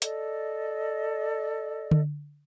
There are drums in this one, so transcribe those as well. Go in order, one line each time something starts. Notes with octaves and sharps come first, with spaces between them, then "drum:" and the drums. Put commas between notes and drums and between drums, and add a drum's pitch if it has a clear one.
A4 D5 D#5, drum: hi-hat
drum: tom D3